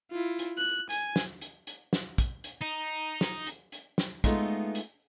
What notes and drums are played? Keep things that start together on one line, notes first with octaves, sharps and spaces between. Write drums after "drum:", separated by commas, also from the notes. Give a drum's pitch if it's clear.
E4 F4
drum: hi-hat
F#6
G#5, drum: hi-hat
drum: snare
drum: hi-hat
drum: hi-hat
drum: snare
drum: kick, hi-hat
drum: hi-hat
D#4
drum: snare
drum: hi-hat
drum: hi-hat
drum: snare
G#3 A3 B3 D#4 F4, drum: kick, hi-hat
drum: hi-hat